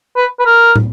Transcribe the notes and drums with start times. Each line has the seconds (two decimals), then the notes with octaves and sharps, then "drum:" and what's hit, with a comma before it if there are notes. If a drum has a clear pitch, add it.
0.16 B4
0.39 B4
0.46 A#4
0.76 drum: tom